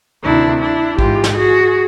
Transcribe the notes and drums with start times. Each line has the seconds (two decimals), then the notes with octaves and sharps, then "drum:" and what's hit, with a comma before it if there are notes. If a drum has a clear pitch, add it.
0.23 D2 C3 D#3 D4 E4
0.61 D4 E4
0.99 G#2 E3 F4 G4, drum: kick A1
1.24 drum: snare
1.36 F#4 G#4